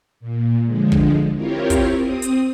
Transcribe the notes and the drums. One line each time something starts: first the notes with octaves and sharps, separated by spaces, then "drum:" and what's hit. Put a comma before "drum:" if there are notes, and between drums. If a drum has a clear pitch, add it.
A#2
D3 F3 G#3
drum: kick
C4 E4 F4 G4 A#4 C#5
drum: kick, hi-hat
C4 D#6
drum: hi-hat